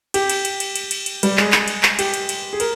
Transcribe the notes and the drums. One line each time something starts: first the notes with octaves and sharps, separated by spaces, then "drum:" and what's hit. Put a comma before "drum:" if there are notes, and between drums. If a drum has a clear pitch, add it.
G4, drum: cymbal
drum: cymbal
drum: cymbal
drum: cymbal
drum: cymbal
drum: cymbal
drum: cymbal
G3, drum: cymbal
G#3, drum: clap
drum: clap
drum: cymbal
drum: clap
G4, drum: cymbal
drum: cymbal
drum: cymbal
G#4
A#4, drum: cymbal